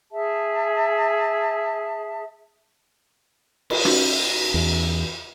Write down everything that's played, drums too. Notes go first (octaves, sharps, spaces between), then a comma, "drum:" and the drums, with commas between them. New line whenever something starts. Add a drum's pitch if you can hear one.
G#4 E5 A5
drum: cymbal
C#4 D#4 F#4, drum: rim click
E2